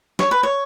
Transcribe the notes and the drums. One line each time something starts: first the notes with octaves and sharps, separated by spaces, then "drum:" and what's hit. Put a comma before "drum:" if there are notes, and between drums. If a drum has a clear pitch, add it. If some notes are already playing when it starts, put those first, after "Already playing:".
C#5, drum: snare
B4
C#5